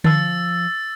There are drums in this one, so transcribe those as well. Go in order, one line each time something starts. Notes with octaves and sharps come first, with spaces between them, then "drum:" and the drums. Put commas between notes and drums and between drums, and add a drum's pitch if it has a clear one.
F3 E6 A6, drum: tom D3